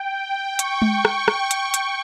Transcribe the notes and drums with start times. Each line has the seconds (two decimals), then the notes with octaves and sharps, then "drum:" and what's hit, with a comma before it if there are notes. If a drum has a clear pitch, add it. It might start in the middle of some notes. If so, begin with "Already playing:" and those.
Already playing: G5
0.59 C#6, drum: hi-hat
0.82 drum: tom G#3
1.05 drum: rim click
1.28 drum: rim click
1.51 drum: hi-hat
1.74 drum: hi-hat